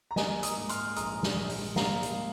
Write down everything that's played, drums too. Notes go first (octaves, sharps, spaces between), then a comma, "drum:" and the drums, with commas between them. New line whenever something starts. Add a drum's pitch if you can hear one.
A#5
A#3 D#5 G#5, drum: snare
A#5 D#6, drum: hi-hat
G#2
C6 F6, drum: hi-hat
A#1 A#5 D#6, drum: hi-hat
drum: snare
A#1
drum: open hi-hat
A#3 F5 A#5, drum: snare
drum: hi-hat